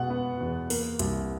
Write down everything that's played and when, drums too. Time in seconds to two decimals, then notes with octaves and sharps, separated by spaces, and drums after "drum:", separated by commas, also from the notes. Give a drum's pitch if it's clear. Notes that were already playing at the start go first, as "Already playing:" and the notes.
Already playing: B2 G#3 F#5
0.10 B3
0.40 E2
0.70 A#3, drum: open hi-hat
0.99 C2, drum: hi-hat